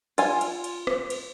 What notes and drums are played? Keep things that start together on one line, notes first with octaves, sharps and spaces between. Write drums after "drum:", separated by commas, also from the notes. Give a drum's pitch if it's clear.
F4 G#5, drum: cymbal
drum: cymbal
drum: cymbal
drum: rim click
drum: cymbal